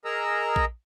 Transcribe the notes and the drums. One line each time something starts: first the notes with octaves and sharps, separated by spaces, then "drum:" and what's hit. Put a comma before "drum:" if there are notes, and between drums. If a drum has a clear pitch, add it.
G#4 A#4 D#5 A#5 E6
drum: kick A#1